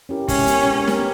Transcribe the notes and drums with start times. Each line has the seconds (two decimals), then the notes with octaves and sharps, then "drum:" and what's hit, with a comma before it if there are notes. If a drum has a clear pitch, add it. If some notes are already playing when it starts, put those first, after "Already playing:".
0.09 C#4 E4 G4 A#4
0.28 G#3 C#4, drum: kick, open hi-hat
0.47 B3 G4 A#4, drum: hi-hat
0.67 G#3
0.87 B3 G4 A#4, drum: snare